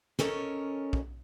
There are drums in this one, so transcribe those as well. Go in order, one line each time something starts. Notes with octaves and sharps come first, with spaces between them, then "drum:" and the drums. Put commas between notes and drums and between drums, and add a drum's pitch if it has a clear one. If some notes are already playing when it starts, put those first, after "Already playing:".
C#4 A4 A#4 C#5 D#5 A#5, drum: snare
drum: kick